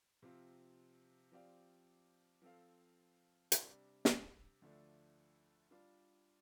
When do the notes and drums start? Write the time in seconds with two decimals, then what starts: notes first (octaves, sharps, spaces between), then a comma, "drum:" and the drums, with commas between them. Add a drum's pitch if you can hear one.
0.22 C3 F3 C4 F4
1.32 F3 C4 G4 D5 F5
2.42 F3 C4 A4 F5
3.52 C3 G3 D4, drum: hi-hat
4.05 drum: snare
4.62 D2 D3 F3 A3 D4
5.71 G3 D4 F4